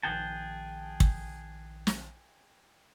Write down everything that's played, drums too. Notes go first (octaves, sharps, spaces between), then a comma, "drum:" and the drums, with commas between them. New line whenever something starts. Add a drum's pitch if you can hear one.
A#1 D#3 G#4 G5 A5 F#6
drum: kick
drum: snare